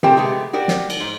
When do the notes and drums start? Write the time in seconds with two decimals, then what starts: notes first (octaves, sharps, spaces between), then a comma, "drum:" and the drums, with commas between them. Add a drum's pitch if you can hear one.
0.03 A3 C4 G4 A#4 G5 A5, drum: tom C3
0.17 G#3 A3 B3 G4
0.53 F#4 G4 A#4 D5
0.68 drum: snare
0.90 drum: cymbal
1.00 G#2